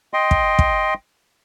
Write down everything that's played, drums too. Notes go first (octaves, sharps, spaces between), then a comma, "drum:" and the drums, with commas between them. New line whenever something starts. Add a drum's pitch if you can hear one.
D#5 G5 C6
drum: kick
drum: kick